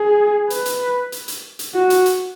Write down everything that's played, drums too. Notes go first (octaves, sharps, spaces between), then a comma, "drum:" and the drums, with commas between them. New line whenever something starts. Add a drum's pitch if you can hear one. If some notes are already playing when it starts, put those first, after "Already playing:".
Already playing: G#4
B4, drum: hi-hat
drum: hi-hat
drum: hi-hat
drum: hi-hat
drum: hi-hat
F#4
drum: hi-hat
drum: hi-hat